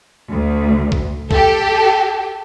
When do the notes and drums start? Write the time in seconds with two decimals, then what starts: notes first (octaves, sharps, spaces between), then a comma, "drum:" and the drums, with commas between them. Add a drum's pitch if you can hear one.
0.31 D2
0.92 drum: kick B1
1.31 G4 A4, drum: kick B1